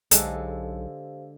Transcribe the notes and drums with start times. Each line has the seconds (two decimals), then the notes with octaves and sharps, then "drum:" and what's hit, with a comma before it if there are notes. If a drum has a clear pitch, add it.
0.11 B1 D3 G#3 G4 A4 C5 F5, drum: hi-hat